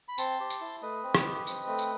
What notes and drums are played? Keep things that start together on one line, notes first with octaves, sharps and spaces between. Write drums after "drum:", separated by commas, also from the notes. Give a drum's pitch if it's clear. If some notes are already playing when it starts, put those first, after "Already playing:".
B5
C4 A5 C6, drum: tambourine
G4
drum: tambourine
E4
A3 B4 D#5
C4
drum: rim click
G4
C4, drum: tambourine
A3
drum: tambourine